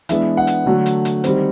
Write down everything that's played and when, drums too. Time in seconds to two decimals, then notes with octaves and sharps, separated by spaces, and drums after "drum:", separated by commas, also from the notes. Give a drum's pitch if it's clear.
0.09 E3 G#3 B3 D4 E5, drum: hi-hat
0.37 F#5
0.47 drum: hi-hat
0.66 D3 F#3 A3
0.86 drum: hi-hat
1.05 drum: hi-hat
1.24 D#3 G3 C4, drum: hi-hat